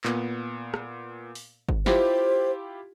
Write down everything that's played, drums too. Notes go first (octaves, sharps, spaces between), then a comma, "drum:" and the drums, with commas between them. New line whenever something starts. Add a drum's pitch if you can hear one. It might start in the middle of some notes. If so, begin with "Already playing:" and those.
A#2 B3, drum: clap
drum: rim click
drum: open hi-hat
drum: kick G1
E4 F4 G4 C5, drum: snare